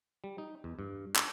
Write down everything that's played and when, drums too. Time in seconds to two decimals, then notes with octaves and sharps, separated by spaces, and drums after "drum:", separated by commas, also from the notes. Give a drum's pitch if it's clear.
0.24 G3
0.38 D#4
0.64 E2
0.79 G2
1.16 D4, drum: clap